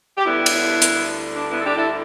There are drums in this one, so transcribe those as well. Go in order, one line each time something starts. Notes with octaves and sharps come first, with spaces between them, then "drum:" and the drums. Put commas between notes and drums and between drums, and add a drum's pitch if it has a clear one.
G4
D2 D3 G3 B3 E4
drum: cymbal
drum: hi-hat
D4
B3 E4
A4
D4 G4
E4 A4